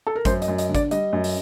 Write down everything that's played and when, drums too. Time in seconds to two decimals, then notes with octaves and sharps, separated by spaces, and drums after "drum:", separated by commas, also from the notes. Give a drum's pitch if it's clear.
0.07 A4
0.15 A#4
0.25 F#2 C5, drum: kick G#1, hi-hat
0.42 D#5, drum: hi-hat
0.48 F#2
0.58 D#5, drum: hi-hat
0.69 D3
0.75 D5, drum: kick G#1, hi-hat
0.91 G3 D#5, drum: hi-hat
1.13 F#2
1.24 drum: open hi-hat